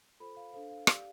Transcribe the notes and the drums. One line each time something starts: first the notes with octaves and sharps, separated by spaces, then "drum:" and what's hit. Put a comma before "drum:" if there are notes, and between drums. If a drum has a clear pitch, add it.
F4 A4 C5 B5
F5
D4 A4 C5 F5
F5
G4 D5 F5, drum: rim click